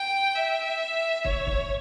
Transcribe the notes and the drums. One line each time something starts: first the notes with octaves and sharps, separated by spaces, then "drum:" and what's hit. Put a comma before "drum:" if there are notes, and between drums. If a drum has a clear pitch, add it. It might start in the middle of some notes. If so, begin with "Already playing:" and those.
Already playing: G5
E5
C#5, drum: kick
drum: kick